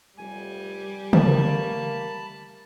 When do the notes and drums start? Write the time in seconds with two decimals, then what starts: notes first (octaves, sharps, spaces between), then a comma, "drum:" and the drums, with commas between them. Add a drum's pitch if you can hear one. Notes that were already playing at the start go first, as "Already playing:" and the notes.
0.18 F1 G3 G#5
1.13 A3 A#3 A5 B5, drum: tom C#3